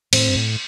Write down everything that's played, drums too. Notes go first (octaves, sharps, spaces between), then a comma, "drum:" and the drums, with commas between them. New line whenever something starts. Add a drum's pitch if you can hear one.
A2 C4, drum: cymbal
G2
A2